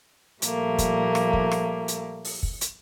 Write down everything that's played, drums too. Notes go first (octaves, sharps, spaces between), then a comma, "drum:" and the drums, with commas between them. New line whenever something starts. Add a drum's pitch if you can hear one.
A#2 F3 G3 A3 A#3, drum: hi-hat
drum: kick, hi-hat
drum: rim click
drum: kick
drum: rim click
drum: hi-hat
drum: open hi-hat
drum: kick
drum: hi-hat